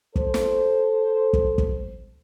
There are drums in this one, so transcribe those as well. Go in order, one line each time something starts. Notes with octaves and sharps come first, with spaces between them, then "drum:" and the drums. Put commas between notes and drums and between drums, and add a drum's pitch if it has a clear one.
A4 C5, drum: kick
drum: snare
drum: kick
drum: kick